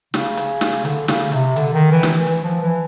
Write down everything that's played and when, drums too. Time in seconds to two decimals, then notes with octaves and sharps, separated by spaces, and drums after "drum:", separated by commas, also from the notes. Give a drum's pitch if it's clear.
0.14 C#3, drum: snare
0.37 drum: hi-hat
0.61 drum: snare
0.85 D3, drum: hi-hat
1.08 C#3, drum: snare
1.32 C3, drum: hi-hat
1.56 D3, drum: hi-hat
1.74 D#3
1.91 E3
2.03 drum: snare
2.26 E3, drum: hi-hat
2.44 F3
2.62 E3